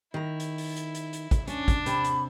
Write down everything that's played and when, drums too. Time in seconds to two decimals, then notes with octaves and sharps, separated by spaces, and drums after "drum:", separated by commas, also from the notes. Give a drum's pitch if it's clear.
0.14 D#3 E4 A#5
0.40 drum: hi-hat
0.58 drum: open hi-hat
0.76 drum: hi-hat
0.95 drum: hi-hat
1.13 drum: hi-hat
1.31 drum: kick, hi-hat
1.48 C#4 D4, drum: hi-hat
1.68 drum: kick, hi-hat
1.86 C3 B5, drum: hi-hat
2.04 drum: hi-hat